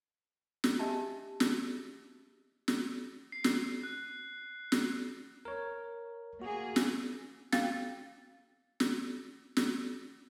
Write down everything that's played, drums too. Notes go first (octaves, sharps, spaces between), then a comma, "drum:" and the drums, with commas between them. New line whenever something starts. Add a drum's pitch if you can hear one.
drum: snare
D4 G4 D#5 E5 A5
drum: snare
drum: snare
C7
drum: snare
F#6
drum: snare
A#4 C#5
A#3 F#4 G#4
drum: snare
F5 G5 A6, drum: snare
drum: snare
drum: snare